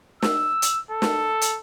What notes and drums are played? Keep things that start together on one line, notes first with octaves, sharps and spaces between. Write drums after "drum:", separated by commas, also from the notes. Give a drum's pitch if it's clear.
E6, drum: snare
drum: hi-hat
A4
drum: snare
drum: hi-hat